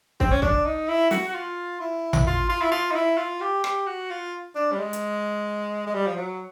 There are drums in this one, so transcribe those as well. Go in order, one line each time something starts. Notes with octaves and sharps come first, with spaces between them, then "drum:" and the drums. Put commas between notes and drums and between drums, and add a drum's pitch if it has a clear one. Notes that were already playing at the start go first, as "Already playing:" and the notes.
C4, drum: kick
C#4
D4, drum: kick
D#4
E4
F#4, drum: snare
F#4
F4
E4
drum: tom A1
F4
F4
E4
F4
D#4
E4
F4
G4
G4, drum: rim click
F#4
F4
D4
G3
G#3
drum: hi-hat
G#3
G3
F3
F#3